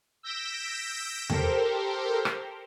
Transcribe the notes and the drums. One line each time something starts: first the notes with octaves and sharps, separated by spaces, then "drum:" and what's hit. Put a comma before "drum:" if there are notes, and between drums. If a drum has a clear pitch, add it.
E6 G6 A#6 B6 D7 E7
G4 A4 A#4 C5, drum: tom E2
drum: rim click